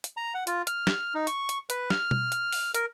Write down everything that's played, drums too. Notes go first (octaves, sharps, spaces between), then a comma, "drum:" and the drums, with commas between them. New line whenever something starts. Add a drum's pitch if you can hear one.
drum: hi-hat
A#5
F#5
F4, drum: hi-hat
F6, drum: hi-hat
drum: snare
D#4
C#6, drum: hi-hat
drum: hi-hat
B4, drum: hi-hat
F6, drum: snare
drum: tom B2
drum: hi-hat
drum: open hi-hat
A#4, drum: hi-hat